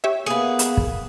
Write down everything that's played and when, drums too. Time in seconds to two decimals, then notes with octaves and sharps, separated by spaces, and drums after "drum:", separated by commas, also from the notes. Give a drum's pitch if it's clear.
0.04 G4 C#5 E5
0.26 A#3 B3 G#4 B4
0.59 drum: hi-hat
0.77 drum: kick